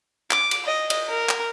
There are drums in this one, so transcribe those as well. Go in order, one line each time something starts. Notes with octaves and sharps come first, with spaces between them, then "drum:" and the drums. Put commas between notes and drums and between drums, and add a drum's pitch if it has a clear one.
D6, drum: clap
drum: cymbal
D#5
drum: cymbal
A#4
drum: clap